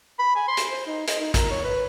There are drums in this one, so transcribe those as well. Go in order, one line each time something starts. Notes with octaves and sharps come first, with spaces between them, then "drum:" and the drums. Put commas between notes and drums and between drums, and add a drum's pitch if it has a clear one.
B5
G#5
C6
drum: hi-hat
C5
D#4
D#5, drum: hi-hat
D#4
A#4, drum: kick A1, hi-hat
C#5
B4